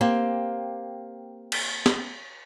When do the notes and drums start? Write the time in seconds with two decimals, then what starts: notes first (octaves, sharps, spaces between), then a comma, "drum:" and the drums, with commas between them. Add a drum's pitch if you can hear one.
0.01 A#3 C4 G4
1.52 drum: cymbal
1.86 drum: snare